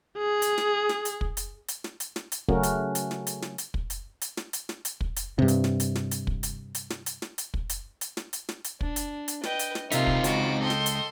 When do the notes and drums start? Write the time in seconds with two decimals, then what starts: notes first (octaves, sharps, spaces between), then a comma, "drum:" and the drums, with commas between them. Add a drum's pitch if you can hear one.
0.18 G#4
0.42 drum: hi-hat
0.58 drum: snare
0.89 drum: snare
1.05 drum: hi-hat
1.21 drum: kick
1.37 drum: hi-hat
1.68 drum: hi-hat
1.84 drum: snare
2.00 drum: hi-hat
2.16 drum: snare
2.32 drum: hi-hat
2.49 C#3 F#3 A3 C#4 F#4 A#4, drum: kick
2.63 drum: hi-hat
2.95 drum: hi-hat
3.11 drum: snare
3.27 drum: hi-hat
3.42 drum: snare
3.58 drum: hi-hat
3.74 drum: kick
3.90 drum: hi-hat
4.21 drum: hi-hat
4.37 drum: snare
4.53 drum: hi-hat
4.69 drum: snare
4.85 drum: hi-hat
5.01 drum: kick
5.16 drum: hi-hat
5.39 G2 C3
5.48 drum: hi-hat
5.64 drum: snare
5.80 drum: hi-hat
5.95 drum: snare
6.11 drum: hi-hat
6.27 drum: kick
6.43 drum: hi-hat
6.75 drum: hi-hat
6.90 drum: snare
7.06 drum: hi-hat
7.22 drum: snare
7.38 drum: hi-hat
7.54 drum: kick
7.69 drum: hi-hat
8.01 drum: hi-hat
8.17 drum: snare
8.33 drum: hi-hat
8.49 drum: snare
8.64 drum: hi-hat
8.81 D4, drum: kick
8.96 drum: hi-hat
9.28 drum: hi-hat
9.43 B4 D#5 G5, drum: snare
9.59 drum: hi-hat
9.75 drum: snare
9.92 C3 A#3 C4 D#4 F4 E5 C7, drum: hi-hat
10.07 drum: kick
10.24 C#2 F#4 D6, drum: hi-hat
10.60 A4 D#5 G5 C6
10.70 drum: snare
10.86 drum: hi-hat